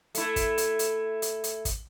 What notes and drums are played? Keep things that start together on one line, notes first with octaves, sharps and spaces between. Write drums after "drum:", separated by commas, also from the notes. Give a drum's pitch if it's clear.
A3 E4, drum: hi-hat
drum: kick, hi-hat
drum: hi-hat
drum: hi-hat
drum: hi-hat
drum: hi-hat
drum: kick, hi-hat